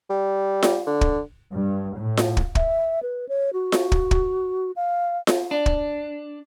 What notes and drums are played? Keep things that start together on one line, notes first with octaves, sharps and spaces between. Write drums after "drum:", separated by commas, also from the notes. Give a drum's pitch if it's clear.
G3
drum: snare F4
D3
drum: kick
G2
A2
drum: snare F4
drum: kick
E5, drum: kick
B4
C#5
F#4
drum: snare F4
drum: kick
drum: kick
F5
drum: snare F4
D4
drum: kick